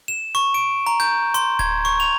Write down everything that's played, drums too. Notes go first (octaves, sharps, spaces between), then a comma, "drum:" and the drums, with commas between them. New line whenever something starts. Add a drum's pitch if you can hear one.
E7
C#6
D7
A#5
G6
C6, drum: hi-hat
G#6, drum: kick D1
C#6
F7